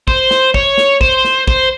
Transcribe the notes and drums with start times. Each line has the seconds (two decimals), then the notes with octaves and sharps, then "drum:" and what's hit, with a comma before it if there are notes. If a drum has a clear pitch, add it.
0.08 C5, drum: kick
0.31 drum: snare
0.54 C#5, drum: kick
0.78 drum: snare
1.01 C5, drum: kick
1.25 drum: snare
1.48 C5, drum: kick